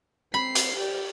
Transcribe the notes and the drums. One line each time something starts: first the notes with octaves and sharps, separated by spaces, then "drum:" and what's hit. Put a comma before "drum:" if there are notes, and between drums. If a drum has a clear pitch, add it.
C4 B5 C7
drum: hi-hat
G4 D5